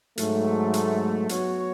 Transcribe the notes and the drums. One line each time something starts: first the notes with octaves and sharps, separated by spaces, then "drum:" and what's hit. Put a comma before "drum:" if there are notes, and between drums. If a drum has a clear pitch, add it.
G#2 F#3 A3, drum: hi-hat
drum: hi-hat
F#3 B3 F#4 C#5, drum: hi-hat